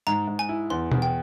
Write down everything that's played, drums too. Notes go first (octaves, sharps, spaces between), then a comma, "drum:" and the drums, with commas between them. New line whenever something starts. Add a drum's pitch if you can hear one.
G#2 A#5
G#2
G#5
E4
E2 C6
E2, drum: tom B2
G5